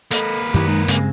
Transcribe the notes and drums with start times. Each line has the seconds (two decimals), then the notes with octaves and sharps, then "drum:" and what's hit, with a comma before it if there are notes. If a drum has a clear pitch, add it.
0.11 A#3 A4 B4 D#5, drum: hi-hat
0.54 F#2 D#3 E4 G4
0.67 G#3 D#4
0.88 G2 C#3 G#3 C4, drum: hi-hat